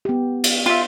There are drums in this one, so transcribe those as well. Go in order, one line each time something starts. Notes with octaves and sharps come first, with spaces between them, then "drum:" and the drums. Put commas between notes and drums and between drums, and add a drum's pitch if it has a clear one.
B3 G4
drum: cymbal
F4 E5